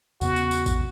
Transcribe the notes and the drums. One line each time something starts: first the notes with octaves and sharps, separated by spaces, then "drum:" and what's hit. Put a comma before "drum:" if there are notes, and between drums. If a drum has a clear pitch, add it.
E2 C#3 B3 F#4, drum: tambourine
drum: tambourine
drum: tambourine
drum: kick A1, tambourine